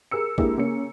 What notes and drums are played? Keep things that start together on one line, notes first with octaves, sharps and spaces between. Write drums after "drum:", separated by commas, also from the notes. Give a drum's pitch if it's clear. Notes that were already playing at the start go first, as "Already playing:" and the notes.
G#4 A#4 E6 C#7
G#3 A#3 D4 E4 G4 G#4, drum: kick
C#3 A#3 C#4 C#7